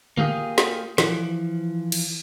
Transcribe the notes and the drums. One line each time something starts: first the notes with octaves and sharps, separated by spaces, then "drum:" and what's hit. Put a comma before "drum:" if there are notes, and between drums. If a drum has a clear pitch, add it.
A#3 F4 G4 G#4, drum: tom D3
drum: snare
E3 F3, drum: snare
drum: cymbal